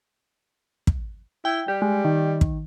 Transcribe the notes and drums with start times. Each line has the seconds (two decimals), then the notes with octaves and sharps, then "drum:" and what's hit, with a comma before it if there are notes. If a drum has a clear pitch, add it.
0.87 drum: kick
1.45 E4 G5
1.68 G3 G4
1.82 G#3
2.05 D#3
2.41 drum: kick